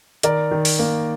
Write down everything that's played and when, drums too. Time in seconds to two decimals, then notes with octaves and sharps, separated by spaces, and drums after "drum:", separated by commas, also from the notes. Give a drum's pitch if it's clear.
0.23 D#3 A#4 D5, drum: hi-hat
0.51 D#3
0.65 drum: open hi-hat
0.79 A#3